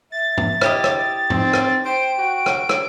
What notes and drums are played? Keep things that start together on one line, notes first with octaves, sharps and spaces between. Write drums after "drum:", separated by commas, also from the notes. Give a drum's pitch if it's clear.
E5 A6
drum: tom G#2
E4 G4 D#5, drum: rim click
drum: rim click
C4 D#4, drum: tom G#2
drum: rim click
C5 G5 D7
F#4
drum: rim click
drum: rim click